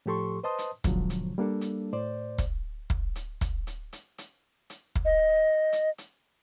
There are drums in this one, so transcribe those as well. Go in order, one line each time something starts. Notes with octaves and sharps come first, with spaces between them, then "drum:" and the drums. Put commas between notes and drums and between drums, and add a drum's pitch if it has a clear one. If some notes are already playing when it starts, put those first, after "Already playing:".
A2 F3 G4 A4 C6 C#6
B4 C5 D#5 A5 C6 D#6
drum: hi-hat
G#2 B2 D3 F3 F#3, drum: kick, hi-hat
drum: hi-hat
G3 A#3 D4 A4
drum: hi-hat
A2 C5 D5
drum: kick, hi-hat
drum: kick
drum: hi-hat
drum: kick, hi-hat
drum: hi-hat
drum: hi-hat
drum: hi-hat
drum: hi-hat
drum: kick
D#5
drum: hi-hat
drum: hi-hat